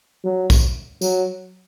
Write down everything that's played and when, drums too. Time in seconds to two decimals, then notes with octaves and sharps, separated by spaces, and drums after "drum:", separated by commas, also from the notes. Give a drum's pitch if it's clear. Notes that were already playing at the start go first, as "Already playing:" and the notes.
0.25 F#3
0.50 drum: kick A#1, tambourine
1.02 F#3, drum: tambourine